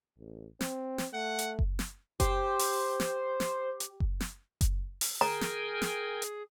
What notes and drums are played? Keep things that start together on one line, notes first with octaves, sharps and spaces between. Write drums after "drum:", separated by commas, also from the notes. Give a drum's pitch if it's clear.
A1
C4, drum: snare
drum: snare
A3 F#5
drum: hi-hat
drum: kick F#1
drum: snare
G4 C5, drum: kick F#1, hi-hat
drum: open hi-hat
drum: snare
drum: snare
drum: hi-hat
drum: kick F#1
drum: snare
drum: kick F#1, hi-hat
drum: open hi-hat
G#4 A#4 G5 G#5 A#5
drum: snare
drum: snare
drum: hi-hat